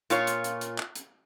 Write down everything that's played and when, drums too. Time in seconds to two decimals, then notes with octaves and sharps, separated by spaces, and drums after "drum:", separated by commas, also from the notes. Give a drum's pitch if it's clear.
0.10 A#2 F4 C#5, drum: hi-hat
0.27 drum: hi-hat
0.44 drum: hi-hat
0.61 drum: hi-hat
0.78 drum: clap
0.95 drum: hi-hat